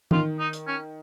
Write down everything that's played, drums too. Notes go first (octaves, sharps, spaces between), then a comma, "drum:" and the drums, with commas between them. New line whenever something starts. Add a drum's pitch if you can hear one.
D#3 F4, drum: tom
D#4
drum: hi-hat
C#4